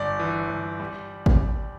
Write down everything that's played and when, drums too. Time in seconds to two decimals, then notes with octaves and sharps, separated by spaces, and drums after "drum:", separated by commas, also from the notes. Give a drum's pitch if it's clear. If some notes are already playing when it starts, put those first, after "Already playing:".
Already playing: G1 D5
0.20 E3
0.49 G1
0.80 G3
1.26 drum: kick G#1